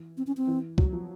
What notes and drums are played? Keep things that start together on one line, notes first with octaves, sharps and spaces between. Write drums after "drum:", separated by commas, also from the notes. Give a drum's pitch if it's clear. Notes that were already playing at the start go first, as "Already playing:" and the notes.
Already playing: E3
C4
C#4
C4
E3
F#3, drum: kick
F3